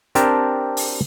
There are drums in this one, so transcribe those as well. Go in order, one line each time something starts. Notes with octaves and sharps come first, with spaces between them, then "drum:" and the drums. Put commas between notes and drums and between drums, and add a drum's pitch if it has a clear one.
C4 D4 G4 A#4 A5, drum: hi-hat
drum: open hi-hat